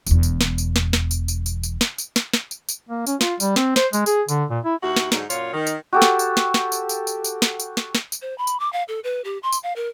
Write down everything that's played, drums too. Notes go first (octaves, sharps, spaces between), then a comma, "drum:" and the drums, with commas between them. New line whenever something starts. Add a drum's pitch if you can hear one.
E1 E2, drum: tambourine
drum: tambourine
drum: snare
drum: tambourine
drum: snare
drum: snare
drum: tambourine
drum: tambourine
drum: tambourine
drum: tambourine
drum: snare
drum: tambourine
drum: snare
drum: snare
drum: tambourine
drum: tambourine
A#3
C#4, drum: tambourine
F4, drum: snare
G3, drum: tambourine
C4, drum: snare
C5, drum: snare
G#3, drum: tambourine
G#4, drum: tambourine
D3, drum: tambourine
A#2
E4
D#2 E4 F#4
drum: snare
G#2 D3 F#3 D#4, drum: snare
F#2 A#2 F4 C#5, drum: tambourine
D#3
drum: tambourine
F#4 G4 A4
drum: snare
drum: tambourine
drum: snare
drum: snare
drum: tambourine
drum: tambourine
drum: tambourine
drum: tambourine
drum: snare
drum: tambourine
drum: snare
drum: snare
drum: tambourine
C5
B5
drum: tambourine
D6
F5
A4
B4
G4
C6
drum: tambourine
F5
A#4